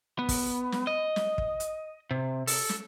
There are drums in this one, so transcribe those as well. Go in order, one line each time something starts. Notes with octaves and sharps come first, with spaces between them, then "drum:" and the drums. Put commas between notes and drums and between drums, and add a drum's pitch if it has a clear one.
B3
drum: kick, open hi-hat
drum: snare
D#5
drum: snare
drum: kick
drum: hi-hat
C3
A4, drum: open hi-hat
drum: snare